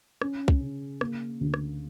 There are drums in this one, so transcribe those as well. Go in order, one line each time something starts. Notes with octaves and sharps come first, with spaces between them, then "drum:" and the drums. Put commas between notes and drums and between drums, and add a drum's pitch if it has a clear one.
C#4, drum: rim click
drum: kick C2
C#3
A#3, drum: rim click
D2
drum: rim click